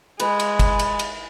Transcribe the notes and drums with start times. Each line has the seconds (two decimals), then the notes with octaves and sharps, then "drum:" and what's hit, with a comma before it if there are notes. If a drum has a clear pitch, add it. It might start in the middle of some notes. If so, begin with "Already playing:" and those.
0.20 G#3 B4, drum: cymbal
0.40 drum: cymbal
0.59 drum: kick, cymbal
0.79 drum: cymbal
0.99 drum: cymbal